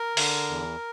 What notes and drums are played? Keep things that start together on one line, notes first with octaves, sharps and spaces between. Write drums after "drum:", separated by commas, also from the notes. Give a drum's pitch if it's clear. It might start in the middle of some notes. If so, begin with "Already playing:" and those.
Already playing: A#4
D3, drum: open hi-hat
E2